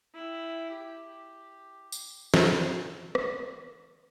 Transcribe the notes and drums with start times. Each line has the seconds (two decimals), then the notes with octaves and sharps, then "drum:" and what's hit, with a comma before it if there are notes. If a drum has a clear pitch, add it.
0.15 E4 G5
0.72 G4
1.92 drum: tambourine
2.34 D3 E3, drum: snare
3.15 drum: rim click